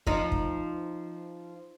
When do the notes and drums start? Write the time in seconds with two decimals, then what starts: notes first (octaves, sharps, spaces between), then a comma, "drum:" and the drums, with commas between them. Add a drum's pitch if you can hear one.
0.07 F3 D#4, drum: kick
0.32 drum: kick